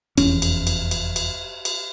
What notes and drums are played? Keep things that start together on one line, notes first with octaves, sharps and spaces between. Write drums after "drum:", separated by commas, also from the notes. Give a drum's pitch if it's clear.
F1 E2 C#4, drum: cymbal
drum: cymbal
drum: cymbal
drum: cymbal
drum: cymbal
drum: cymbal